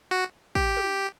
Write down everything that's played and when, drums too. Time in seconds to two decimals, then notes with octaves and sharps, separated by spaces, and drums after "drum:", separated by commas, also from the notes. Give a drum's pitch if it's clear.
0.11 F#4
0.55 G4, drum: kick
0.77 drum: tom